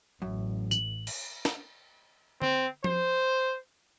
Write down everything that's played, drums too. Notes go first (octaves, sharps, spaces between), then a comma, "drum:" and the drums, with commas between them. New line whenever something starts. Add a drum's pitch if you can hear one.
A1 F#2
F#7, drum: tambourine
drum: cymbal
drum: snare
C4, drum: tom D3
C5, drum: tom F3